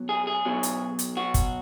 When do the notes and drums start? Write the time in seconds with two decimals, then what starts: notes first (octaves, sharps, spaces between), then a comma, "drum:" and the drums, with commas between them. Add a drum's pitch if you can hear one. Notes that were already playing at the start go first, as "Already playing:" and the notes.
Already playing: B2 F#3
0.09 G#4
0.27 G#4
0.45 B2 F#3
0.63 drum: hi-hat
0.99 drum: hi-hat
1.17 F#4
1.34 drum: kick, hi-hat